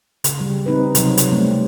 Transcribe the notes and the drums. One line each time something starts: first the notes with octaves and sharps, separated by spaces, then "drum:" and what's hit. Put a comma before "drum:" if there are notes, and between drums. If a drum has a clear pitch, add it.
C#3, drum: hi-hat
G3
C4 D#4 B4
C3 F#3, drum: hi-hat
drum: hi-hat
G3 A3 C4